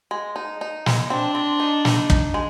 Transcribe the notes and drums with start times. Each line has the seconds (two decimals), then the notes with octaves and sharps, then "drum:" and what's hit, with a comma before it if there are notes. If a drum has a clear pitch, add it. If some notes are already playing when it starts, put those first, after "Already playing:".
0.11 G#3
0.36 D#4
0.61 D#4
0.86 G#3, drum: snare
1.10 C4 D4
1.35 C4
1.60 D#4
1.85 D#4, drum: snare
2.10 D#4, drum: kick
2.34 G#3